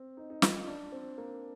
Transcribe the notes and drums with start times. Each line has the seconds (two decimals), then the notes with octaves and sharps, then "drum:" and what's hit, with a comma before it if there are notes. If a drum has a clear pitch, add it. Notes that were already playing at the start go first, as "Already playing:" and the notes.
Already playing: C4
0.17 D#4
0.30 D#4
0.42 F4, drum: snare
0.55 D#4
0.67 D4
0.92 C4
1.18 A#3